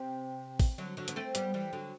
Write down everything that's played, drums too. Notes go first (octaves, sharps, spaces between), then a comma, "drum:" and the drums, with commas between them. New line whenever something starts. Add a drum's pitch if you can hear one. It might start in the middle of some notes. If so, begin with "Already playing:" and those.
Already playing: C3
drum: kick, open hi-hat
D3 F#3
D3 F#3
B3, drum: hi-hat
A3 C4
G3 B3, drum: hi-hat
E3 G3
D3 F#3